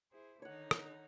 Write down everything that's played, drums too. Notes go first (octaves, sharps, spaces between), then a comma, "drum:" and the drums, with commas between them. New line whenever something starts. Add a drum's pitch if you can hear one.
E4 G#4 C5
D3 D#3 D#4 C#5 F#5
drum: rim click